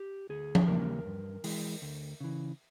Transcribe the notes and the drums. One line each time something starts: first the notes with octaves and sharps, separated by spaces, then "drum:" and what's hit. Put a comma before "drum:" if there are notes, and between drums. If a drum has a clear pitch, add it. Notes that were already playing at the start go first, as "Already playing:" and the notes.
Already playing: G4
D2 G#4
drum: tom F3
C#3 E3 G3 A#3 A#4
G2
E3 G#3, drum: open hi-hat
D2
C#3 E3